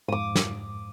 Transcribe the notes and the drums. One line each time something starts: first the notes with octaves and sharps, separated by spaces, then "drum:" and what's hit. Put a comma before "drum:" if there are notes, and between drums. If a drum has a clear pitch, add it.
F2 G#2 D6 D#6
drum: snare